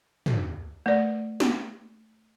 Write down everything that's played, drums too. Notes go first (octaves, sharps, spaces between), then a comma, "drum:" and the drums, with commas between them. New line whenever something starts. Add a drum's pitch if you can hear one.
drum: tom
A3 B4 D5
drum: snare